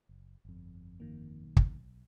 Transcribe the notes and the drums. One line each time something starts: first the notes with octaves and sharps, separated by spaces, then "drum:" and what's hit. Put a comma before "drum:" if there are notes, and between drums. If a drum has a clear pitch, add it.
F#1
G1 F2
D#3 A#3
B1
drum: kick